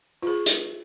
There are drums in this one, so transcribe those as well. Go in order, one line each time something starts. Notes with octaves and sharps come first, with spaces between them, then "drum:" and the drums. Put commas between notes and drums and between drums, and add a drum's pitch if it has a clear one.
F4 G#4
drum: hi-hat